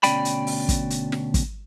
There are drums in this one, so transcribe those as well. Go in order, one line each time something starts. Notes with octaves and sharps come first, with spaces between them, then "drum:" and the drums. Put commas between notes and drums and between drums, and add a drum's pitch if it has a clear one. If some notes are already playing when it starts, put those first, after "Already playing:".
D2 B2 C#4 D5 G5 B5, drum: hi-hat
drum: hi-hat
drum: open hi-hat
drum: kick, hi-hat
drum: hi-hat
drum: snare
drum: kick, hi-hat